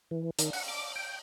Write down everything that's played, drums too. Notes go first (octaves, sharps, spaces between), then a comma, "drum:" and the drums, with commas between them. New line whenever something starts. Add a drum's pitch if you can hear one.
E3
D#3, drum: hi-hat
F#5, drum: open hi-hat
D6
G5